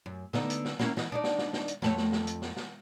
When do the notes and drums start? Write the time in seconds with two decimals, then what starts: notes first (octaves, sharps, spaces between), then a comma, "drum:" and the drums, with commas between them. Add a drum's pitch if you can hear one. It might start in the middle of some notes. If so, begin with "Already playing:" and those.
0.06 F#2
0.33 D3 B3 D#4, drum: snare
0.50 drum: hi-hat
0.65 drum: snare
0.79 A#3 C#4 E4, drum: snare
0.97 E3 D#5, drum: snare
1.12 D4 D#4 D5
1.24 drum: snare
1.38 drum: snare
1.53 drum: snare
1.68 drum: hi-hat
1.82 F2 A3 C#5, drum: snare
1.97 drum: snare
2.12 drum: snare
2.27 drum: hi-hat
2.42 drum: snare
2.56 drum: snare